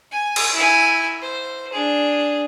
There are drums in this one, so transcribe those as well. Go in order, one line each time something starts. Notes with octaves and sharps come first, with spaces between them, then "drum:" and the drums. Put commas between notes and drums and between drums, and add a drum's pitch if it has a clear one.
G#5
drum: cymbal
E4 G#5
C5
D4 G#4